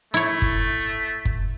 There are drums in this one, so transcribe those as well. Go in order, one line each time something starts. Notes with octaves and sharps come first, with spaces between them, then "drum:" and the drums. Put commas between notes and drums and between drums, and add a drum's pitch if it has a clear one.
A3 E4 C#5
drum: kick F#1
drum: kick F#1